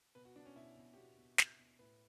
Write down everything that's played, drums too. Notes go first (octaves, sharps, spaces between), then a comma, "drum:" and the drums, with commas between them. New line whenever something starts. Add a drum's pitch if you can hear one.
B2 B4
F#4
B2 D4
C#4
B2 E4
B2
G4
B2 F#4
B2
B2, drum: snare
B2
A2 B4